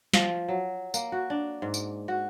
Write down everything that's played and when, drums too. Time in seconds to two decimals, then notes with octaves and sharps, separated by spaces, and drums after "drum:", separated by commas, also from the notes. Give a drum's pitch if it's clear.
0.13 F3, drum: snare
0.48 F#3
0.94 A#3, drum: tambourine
1.12 F#4
1.30 D4
1.62 G#2
1.74 drum: tambourine
2.08 F#4